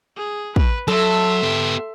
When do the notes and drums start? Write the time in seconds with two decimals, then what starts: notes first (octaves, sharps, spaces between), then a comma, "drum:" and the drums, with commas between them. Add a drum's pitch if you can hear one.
0.17 G#4
0.56 B4, drum: kick
0.88 F#3 A4 E5 C6
1.42 B3 G4